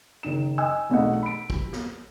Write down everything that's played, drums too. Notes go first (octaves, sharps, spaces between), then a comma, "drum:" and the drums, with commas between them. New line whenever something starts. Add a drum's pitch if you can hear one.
F#1 D#3 E7
D#5 G#5 E6
E1 B1 A3 D#5 F#5
B5 D7
drum: kick
drum: snare